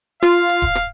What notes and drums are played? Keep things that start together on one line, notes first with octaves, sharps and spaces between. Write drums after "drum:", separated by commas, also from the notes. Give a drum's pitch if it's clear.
F4 F5, drum: rim click
drum: hi-hat
drum: kick D#1
drum: rim click